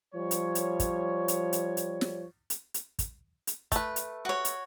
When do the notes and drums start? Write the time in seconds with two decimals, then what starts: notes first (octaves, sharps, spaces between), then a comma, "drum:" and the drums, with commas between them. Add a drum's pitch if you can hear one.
0.15 F3 G3 C#5
0.31 drum: hi-hat
0.55 drum: hi-hat
0.80 drum: kick, hi-hat
1.28 drum: hi-hat
1.53 drum: hi-hat
1.77 drum: hi-hat
2.01 drum: snare
2.50 drum: hi-hat
2.74 drum: hi-hat
2.99 drum: kick, hi-hat
3.47 drum: hi-hat
3.72 A3 B4, drum: kick, hi-hat
3.96 drum: hi-hat
4.25 F#4 C#5
4.45 drum: hi-hat